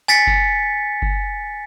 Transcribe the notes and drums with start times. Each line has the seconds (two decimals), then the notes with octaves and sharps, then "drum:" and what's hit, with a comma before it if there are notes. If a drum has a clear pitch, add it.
0.08 G#5 A6 B6 C#7
0.27 drum: kick F#1
1.02 drum: kick F#1